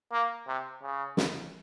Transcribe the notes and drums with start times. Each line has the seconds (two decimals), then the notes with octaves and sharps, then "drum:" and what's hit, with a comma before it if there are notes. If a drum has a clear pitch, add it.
0.12 A#3
0.47 C3
0.82 C#3
1.17 drum: snare